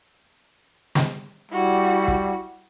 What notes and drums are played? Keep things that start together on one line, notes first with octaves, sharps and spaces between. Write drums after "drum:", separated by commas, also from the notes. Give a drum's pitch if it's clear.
drum: snare
G3 E4 F#4
drum: kick A1